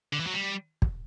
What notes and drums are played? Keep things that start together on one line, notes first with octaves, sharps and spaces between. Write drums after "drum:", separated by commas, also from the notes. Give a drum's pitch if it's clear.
D3
E3
F#3
G3
drum: kick